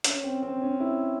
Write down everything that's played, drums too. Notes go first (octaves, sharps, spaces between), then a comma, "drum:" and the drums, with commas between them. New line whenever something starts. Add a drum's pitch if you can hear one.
C#4, drum: hi-hat
C4
C4
C#4
E4